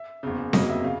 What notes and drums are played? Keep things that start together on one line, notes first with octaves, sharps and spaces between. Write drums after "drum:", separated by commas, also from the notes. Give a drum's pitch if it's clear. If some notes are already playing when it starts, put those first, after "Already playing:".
Already playing: E5
F#1 E2 C#3
G1 F2 C#3 F#3 A#3 D#5, drum: snare C4
E5
C#3 F5